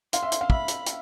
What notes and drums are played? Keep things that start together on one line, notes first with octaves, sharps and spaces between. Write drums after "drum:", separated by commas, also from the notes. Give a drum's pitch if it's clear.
F5 C6, drum: hi-hat
E5
drum: hi-hat
F5
E5 B5, drum: kick
drum: hi-hat
drum: hi-hat